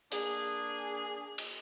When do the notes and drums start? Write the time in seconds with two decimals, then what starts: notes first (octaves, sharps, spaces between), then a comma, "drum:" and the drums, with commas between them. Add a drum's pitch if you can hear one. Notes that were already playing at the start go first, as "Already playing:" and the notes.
0.12 A#3 D4 G#4, drum: hi-hat
1.38 drum: cymbal